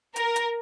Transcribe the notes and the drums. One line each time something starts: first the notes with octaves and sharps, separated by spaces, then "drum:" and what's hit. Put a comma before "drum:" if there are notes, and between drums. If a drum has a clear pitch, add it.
A#4, drum: hi-hat
drum: hi-hat